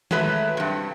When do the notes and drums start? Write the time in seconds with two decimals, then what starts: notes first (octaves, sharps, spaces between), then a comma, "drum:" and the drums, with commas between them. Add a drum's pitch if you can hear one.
0.11 F#3 G#3 A3 B4 E5, drum: tom D#3
0.57 G2 C3